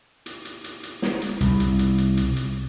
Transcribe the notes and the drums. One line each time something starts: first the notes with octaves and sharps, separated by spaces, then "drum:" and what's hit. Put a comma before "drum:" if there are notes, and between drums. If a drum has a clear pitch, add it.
drum: hi-hat
drum: hi-hat
drum: hi-hat
drum: hi-hat
drum: snare
drum: hi-hat
C2, drum: hi-hat
drum: hi-hat
drum: hi-hat
drum: hi-hat
drum: hi-hat
drum: hi-hat